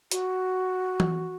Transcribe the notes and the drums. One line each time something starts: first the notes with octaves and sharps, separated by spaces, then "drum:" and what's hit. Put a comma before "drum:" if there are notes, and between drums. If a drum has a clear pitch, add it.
F#4, drum: hi-hat
drum: tom E3